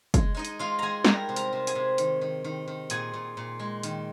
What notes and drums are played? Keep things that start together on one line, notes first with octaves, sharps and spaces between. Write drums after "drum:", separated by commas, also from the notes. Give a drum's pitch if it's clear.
G#3, drum: kick, hi-hat
G#3 D#4 D#5
drum: hi-hat
G#3 F4 F5
G#3 G#4 G#5 A#5
G3 A#4 A#5, drum: snare
C3
A#4 A#5, drum: hi-hat
C3
G#4 G#5, drum: hi-hat
C3
D#3, drum: hi-hat
D#3
D#3
D#3
A#2 G#4 G#5, drum: hi-hat
A#2
A#2
G#3
D#3, drum: hi-hat